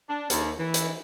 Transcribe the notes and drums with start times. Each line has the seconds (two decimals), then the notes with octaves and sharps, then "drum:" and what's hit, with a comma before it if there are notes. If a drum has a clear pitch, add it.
0.09 D4
0.30 D#2, drum: hi-hat
0.58 E3
0.74 drum: hi-hat